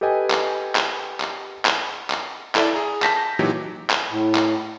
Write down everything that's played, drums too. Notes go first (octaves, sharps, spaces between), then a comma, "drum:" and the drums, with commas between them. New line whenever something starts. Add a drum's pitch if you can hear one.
G4 A4 B4 D#5 G5 G#5
drum: clap
drum: clap
drum: clap
drum: clap
drum: clap
E4 A4 D5 E5, drum: clap
G#4 A#5
A5 G6 A#6 B6, drum: clap
A#2 E3 F#3 D#4 G4
drum: clap
A2
drum: clap